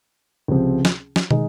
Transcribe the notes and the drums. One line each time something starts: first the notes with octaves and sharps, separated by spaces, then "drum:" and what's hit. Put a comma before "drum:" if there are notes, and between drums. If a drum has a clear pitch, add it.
C#2 C3 F3 C4
drum: snare
drum: snare
D#3 G#3 D#4, drum: tom